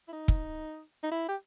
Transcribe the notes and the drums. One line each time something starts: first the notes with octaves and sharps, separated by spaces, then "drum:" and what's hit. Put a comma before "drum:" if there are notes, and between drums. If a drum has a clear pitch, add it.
E4
D#4
drum: kick
D#4
E4
G4